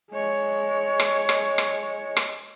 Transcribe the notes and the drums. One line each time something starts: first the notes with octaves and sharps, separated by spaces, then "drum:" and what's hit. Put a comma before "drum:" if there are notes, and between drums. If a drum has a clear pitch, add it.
G#3 C#5
drum: rim click
drum: rim click
drum: rim click
drum: rim click